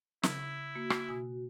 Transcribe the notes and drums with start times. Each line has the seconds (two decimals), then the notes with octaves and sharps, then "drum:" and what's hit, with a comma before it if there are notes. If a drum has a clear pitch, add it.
0.23 C#3 E4, drum: snare
0.75 A#3 F#4
0.90 drum: rim click
1.09 B2 G#5